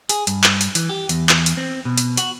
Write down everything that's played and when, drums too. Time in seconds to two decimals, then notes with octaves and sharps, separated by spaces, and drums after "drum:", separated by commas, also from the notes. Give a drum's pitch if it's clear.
0.09 G#4, drum: hi-hat
0.27 G2, drum: hi-hat
0.44 drum: clap
0.61 drum: hi-hat
0.75 E3, drum: hi-hat
0.89 G4
1.09 E2, drum: hi-hat
1.29 drum: clap
1.46 drum: hi-hat
1.57 C4
1.85 B2
1.98 drum: hi-hat
2.17 F#4, drum: hi-hat